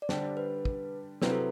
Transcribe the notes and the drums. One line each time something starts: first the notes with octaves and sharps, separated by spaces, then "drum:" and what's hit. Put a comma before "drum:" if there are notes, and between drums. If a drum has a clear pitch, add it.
D5
D3 G3 D4 G4 C5, drum: snare
B4
drum: kick
C3 F#3 C4 E4 B4, drum: snare
A4